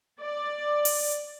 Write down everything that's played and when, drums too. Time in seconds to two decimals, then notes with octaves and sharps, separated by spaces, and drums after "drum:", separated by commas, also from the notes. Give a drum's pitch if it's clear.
0.20 D5
0.85 drum: open hi-hat